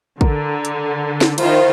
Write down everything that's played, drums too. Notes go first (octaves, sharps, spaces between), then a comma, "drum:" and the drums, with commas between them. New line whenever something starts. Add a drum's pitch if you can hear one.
D3 A#4, drum: kick
drum: hi-hat
drum: snare D#4
D#3 F3 E4 F4 D#5, drum: cymbal